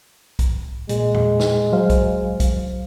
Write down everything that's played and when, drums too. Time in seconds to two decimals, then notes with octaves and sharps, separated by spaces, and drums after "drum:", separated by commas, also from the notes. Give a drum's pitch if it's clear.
0.39 drum: kick B1, hi-hat
0.89 A#2 G#3, drum: hi-hat
1.14 drum: tom E2
1.39 drum: snare
1.72 F#3 C5 F5
1.90 drum: kick B1, hi-hat
2.40 drum: kick B1, hi-hat